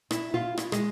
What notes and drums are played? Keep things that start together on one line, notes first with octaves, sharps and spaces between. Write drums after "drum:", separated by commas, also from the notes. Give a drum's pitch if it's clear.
E4, drum: rim click
F4
E4, drum: rim click
G#3, drum: rim click